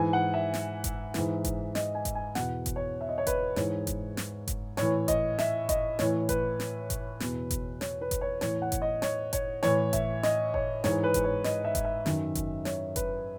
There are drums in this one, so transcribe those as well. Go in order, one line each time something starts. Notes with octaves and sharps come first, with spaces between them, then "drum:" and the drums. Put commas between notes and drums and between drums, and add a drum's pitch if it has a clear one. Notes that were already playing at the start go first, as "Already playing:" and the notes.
Already playing: G#2 E3 G#5
F#5
E5
drum: snare
drum: kick F#1, hi-hat
G#2 E3, drum: snare
drum: kick F#1, hi-hat
D#5, drum: snare
G#5
drum: kick F#1, hi-hat
G#5
E2 B2 F#5, drum: snare
drum: kick F#1, hi-hat
C#5
E5
D#5
C#5
B4, drum: kick F#1, hi-hat
G#2 E3 C#5, drum: snare
drum: kick F#1, hi-hat
drum: snare
drum: kick F#1, hi-hat
A2 E3 C#5, drum: snare
D#5, drum: kick F#1, hi-hat
E5, drum: snare
D#5, drum: kick F#1, hi-hat
A2 E3 C#5, drum: snare
B4, drum: kick F#1, hi-hat
drum: snare
drum: kick F#1, hi-hat
E2 B2, drum: snare
drum: kick F#1, hi-hat
C#5, drum: snare
B4
drum: kick F#1, hi-hat
C#5
A2 E3 C#5, drum: snare
F#5
drum: kick F#1, hi-hat
D#5
C#5, drum: snare
C#5, drum: kick F#1, hi-hat
A2 E3 C#5, drum: snare
E5, drum: kick F#1, hi-hat
D#5, drum: snare
C#5, drum: kick F#1
G#2 E3 C#5, drum: snare
B4
drum: kick F#1, hi-hat
C#5
D#5, drum: snare
E5
drum: kick F#1, hi-hat
E5
F#2 D#3, drum: snare
drum: kick F#1, hi-hat
C#5, drum: snare
B4, drum: kick F#1, hi-hat